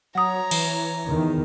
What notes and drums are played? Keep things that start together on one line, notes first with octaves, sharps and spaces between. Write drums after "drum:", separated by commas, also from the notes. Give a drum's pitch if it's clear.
F#3 C#5 F#5 A#5 D#6
E3, drum: cymbal
E2 D#3